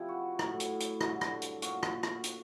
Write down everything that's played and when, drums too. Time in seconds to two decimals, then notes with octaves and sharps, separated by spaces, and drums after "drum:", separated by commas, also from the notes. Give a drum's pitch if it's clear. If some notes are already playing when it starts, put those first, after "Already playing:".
Already playing: C3 F3 E4
0.09 F#4
0.39 A2 F#3, drum: rim click
0.60 drum: hi-hat
0.80 drum: hi-hat
1.01 G2 D3 F#3, drum: rim click
1.21 drum: rim click
1.42 drum: hi-hat
1.62 A#2 F#4, drum: hi-hat
1.83 drum: rim click
2.03 drum: rim click
2.24 drum: hi-hat